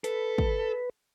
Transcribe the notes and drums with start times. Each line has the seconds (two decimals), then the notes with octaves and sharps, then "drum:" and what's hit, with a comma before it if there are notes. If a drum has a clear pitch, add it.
0.04 A4 B4, drum: hi-hat
0.38 drum: kick